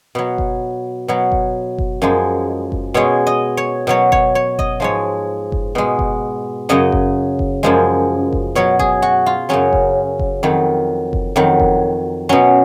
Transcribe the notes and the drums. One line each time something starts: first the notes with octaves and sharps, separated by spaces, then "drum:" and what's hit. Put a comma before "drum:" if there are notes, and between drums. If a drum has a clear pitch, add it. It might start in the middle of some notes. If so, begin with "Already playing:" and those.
B2 F#3
drum: kick F#1
B2 F#3
drum: kick F#1
drum: kick F#1
F#2 F3 G#3
drum: kick F#1
B2 G#3 C#5
D#5
C#5
B2 F#3 C#5
C#5, drum: kick F#1
C#5
D#5, drum: kick F#1
G#2 F3 G#3 C#5
drum: kick F#1
B2 G#3
drum: kick F#1
F#2 C#3 F#3 D#5
drum: kick F#1
drum: kick F#1
F#2 F3 G#3
drum: kick F#1
B2 F#3 C#5
G#4, drum: kick F#1
F#4
F4
F#2 C#3 F#3 C#4
drum: kick F#1
drum: kick F#1
F2 D#3 F#3
drum: kick F#1
F2 D#3 F#3
drum: kick F#1
B2 F#3 C#4